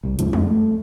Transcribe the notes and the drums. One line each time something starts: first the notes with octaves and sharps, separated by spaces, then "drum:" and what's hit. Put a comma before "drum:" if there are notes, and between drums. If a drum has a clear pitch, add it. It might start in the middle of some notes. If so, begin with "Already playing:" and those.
C2 G3
D2 G#2 C#3 F3, drum: hi-hat
F2 F3, drum: tom G3
A3